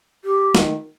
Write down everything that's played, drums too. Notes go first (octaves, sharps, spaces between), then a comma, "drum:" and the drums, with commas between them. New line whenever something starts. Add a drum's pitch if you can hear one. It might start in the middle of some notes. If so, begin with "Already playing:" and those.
G4
D#3, drum: snare